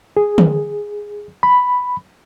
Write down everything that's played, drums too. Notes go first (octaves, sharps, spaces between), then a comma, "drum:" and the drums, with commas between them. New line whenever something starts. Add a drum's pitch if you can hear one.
G#4
drum: tom
B5